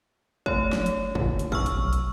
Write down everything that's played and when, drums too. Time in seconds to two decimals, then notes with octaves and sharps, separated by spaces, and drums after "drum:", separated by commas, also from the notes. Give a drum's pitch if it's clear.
0.46 A3 C#5, drum: kick
0.73 drum: snare
0.86 drum: hi-hat
1.15 A#2 D3, drum: kick
1.39 drum: hi-hat
1.52 C#6 E6 F6, drum: kick
1.66 drum: hi-hat
1.75 B1
1.93 drum: hi-hat